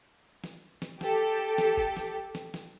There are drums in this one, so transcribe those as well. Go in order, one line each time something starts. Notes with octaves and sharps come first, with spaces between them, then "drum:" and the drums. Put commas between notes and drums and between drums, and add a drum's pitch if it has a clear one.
drum: snare
drum: snare
G4 A4, drum: snare
drum: snare
drum: kick
drum: snare
drum: snare
drum: snare